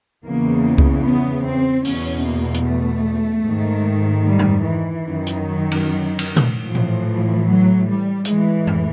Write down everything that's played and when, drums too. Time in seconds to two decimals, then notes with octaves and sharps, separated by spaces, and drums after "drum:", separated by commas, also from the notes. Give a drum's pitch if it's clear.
0.24 E2 C#3 E3 A#3
0.78 drum: kick C2
1.04 B3
1.45 C4
1.85 E2 B2 C#4, drum: open hi-hat
2.24 A#3
2.54 drum: hi-hat
2.65 A3
3.44 G#2 D#3
4.25 G3
4.39 drum: tom F2
4.64 E3
5.05 F#2 D#3
5.27 drum: hi-hat
5.44 F#3
5.71 drum: cymbal
6.19 drum: cymbal
6.36 drum: tom A#2
6.65 A2 E3 F3
6.75 drum: tom A#2
7.45 F#3
7.86 G3
8.25 A2 E3 G#3, drum: hi-hat
8.67 drum: tom F2